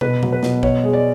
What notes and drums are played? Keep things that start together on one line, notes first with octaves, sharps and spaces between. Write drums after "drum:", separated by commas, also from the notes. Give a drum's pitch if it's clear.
B2 B4, drum: tom
F#3, drum: tom C3
B4
B2, drum: snare
B2 C#5, drum: kick
G#3
D5